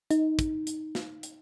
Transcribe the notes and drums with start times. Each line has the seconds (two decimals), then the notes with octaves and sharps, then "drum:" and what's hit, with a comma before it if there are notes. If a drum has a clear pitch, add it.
0.11 D#4, drum: hi-hat
0.39 drum: kick, hi-hat
0.67 drum: hi-hat
0.95 drum: snare
1.23 drum: hi-hat